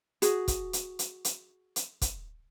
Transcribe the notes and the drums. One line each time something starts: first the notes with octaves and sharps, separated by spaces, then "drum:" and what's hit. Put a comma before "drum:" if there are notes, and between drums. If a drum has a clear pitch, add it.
F#4 G#4, drum: hi-hat
drum: kick, hi-hat
drum: hi-hat
drum: hi-hat
drum: hi-hat
drum: hi-hat
drum: kick, hi-hat